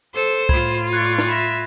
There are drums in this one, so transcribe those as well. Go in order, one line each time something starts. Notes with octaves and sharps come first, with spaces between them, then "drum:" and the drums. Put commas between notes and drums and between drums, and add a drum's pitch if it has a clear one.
A4 C5
A2 F4 B5 G#6, drum: kick C2
D5 C#6 F#6 G#6 A6
drum: snare
E5 B5 A#6